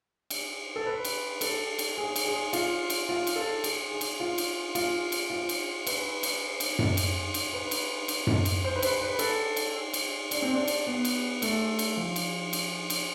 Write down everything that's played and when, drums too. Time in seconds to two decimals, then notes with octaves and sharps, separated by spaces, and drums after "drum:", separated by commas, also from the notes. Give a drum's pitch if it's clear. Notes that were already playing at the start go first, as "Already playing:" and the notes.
0.30 drum: cymbal
0.76 A4
0.86 B4
1.05 drum: cymbal
1.41 A4, drum: cymbal
1.79 drum: cymbal
1.98 G#4
2.16 drum: cymbal
2.25 G#4
2.53 F4, drum: cymbal
2.90 drum: cymbal
3.09 F4
3.27 drum: cymbal
3.36 A4
3.64 G#4, drum: cymbal
3.91 G#4
4.01 drum: cymbal
4.20 F4
4.38 drum: cymbal
4.75 F4, drum: cymbal
5.12 drum: cymbal
5.30 F4
5.49 drum: cymbal
5.87 B4, drum: cymbal
6.23 drum: cymbal
6.60 drum: cymbal
6.79 drum: tom F#2
6.97 drum: cymbal
7.34 drum: cymbal
7.53 B4
7.71 drum: cymbal
8.08 drum: cymbal
8.27 drum: tom F#2
8.45 drum: cymbal
8.64 C5
8.76 B4
8.82 C5, drum: cymbal
9.02 B4
9.19 A4, drum: cymbal
9.56 drum: cymbal
9.94 drum: cymbal
10.31 D4, drum: cymbal
10.42 C4
10.53 D4
10.68 drum: cymbal
10.87 B3
11.05 drum: cymbal
11.42 A3, drum: cymbal
11.79 drum: cymbal
11.97 F3
12.16 drum: cymbal
12.53 drum: cymbal
12.90 drum: cymbal